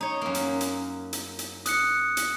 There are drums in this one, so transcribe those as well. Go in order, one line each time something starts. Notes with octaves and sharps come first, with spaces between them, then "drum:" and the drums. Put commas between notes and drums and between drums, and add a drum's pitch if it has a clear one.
D#4 C#5
F#2 A#3
drum: hi-hat
drum: hi-hat
drum: hi-hat
drum: hi-hat
D#6 F#6 C#7, drum: hi-hat
drum: hi-hat